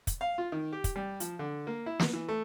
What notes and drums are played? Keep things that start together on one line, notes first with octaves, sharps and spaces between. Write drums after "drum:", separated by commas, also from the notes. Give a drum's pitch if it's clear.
drum: kick, hi-hat
F5
F4
D#3
G4
drum: kick, hi-hat
G3
F3, drum: hi-hat
D3
A#3
E4
B3, drum: snare
E3
A3